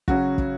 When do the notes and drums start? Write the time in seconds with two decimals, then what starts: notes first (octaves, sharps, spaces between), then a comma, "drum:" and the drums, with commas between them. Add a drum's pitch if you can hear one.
0.08 C#3 F#3 C#4 F#4, drum: kick
0.38 drum: kick